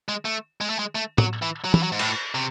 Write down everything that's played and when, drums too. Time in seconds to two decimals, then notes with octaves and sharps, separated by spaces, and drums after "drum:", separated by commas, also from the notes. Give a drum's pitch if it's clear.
0.09 G#3
0.25 A3
0.61 G#3
0.70 A3
0.79 G#3
0.95 A3
1.18 F#3, drum: tom
1.42 E3
1.64 F#3
1.74 E3, drum: tom
1.83 F#3
1.92 G#2
1.99 A2, drum: cymbal
2.35 C3